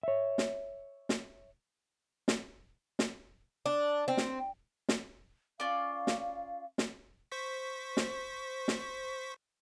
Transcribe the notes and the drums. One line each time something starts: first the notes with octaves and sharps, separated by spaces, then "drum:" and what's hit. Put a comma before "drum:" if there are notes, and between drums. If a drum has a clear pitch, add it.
C#5 E5
drum: snare
drum: snare
drum: snare
drum: snare
D4
C4
drum: snare
drum: snare
C#4 F4 D5 F5
drum: snare
drum: snare
C5 C#6 B6
drum: snare
drum: snare